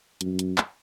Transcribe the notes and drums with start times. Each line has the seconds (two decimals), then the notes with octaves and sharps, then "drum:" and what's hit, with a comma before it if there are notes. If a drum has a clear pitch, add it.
0.21 F#2, drum: hi-hat
0.39 drum: hi-hat
0.58 drum: clap